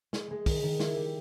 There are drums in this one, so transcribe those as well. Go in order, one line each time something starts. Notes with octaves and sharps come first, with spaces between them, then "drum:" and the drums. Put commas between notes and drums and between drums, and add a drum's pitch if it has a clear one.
G#3, drum: snare
G#3
D#3, drum: kick, open hi-hat
D#3
E4, drum: snare
G3